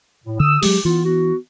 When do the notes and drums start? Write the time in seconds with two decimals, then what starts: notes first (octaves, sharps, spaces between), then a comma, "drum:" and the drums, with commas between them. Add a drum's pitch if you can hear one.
0.25 A2
0.40 D3 D#6 E6
0.63 F#3 G#3 G4, drum: open hi-hat
0.85 E3 B3 F4
1.05 B3 F#4